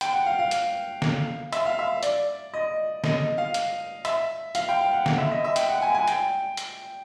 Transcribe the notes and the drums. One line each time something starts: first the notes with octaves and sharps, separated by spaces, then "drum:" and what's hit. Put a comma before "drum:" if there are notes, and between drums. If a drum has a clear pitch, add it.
G5, drum: hi-hat
F#5
F5
F5
drum: hi-hat
drum: snare
E5, drum: hi-hat
F5
E5
D5, drum: hi-hat
D#5
D#5, drum: snare
F5
drum: hi-hat
E5, drum: hi-hat
F5, drum: hi-hat
G5
F5
F#5
drum: snare
E5
D#5
E5
G5, drum: hi-hat
F#5
G#5
G#5
G5, drum: hi-hat
drum: hi-hat